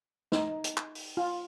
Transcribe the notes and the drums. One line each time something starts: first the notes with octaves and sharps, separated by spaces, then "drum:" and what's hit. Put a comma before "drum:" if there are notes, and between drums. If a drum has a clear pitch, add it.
D#4, drum: snare
drum: hi-hat
drum: clap
drum: open hi-hat
F4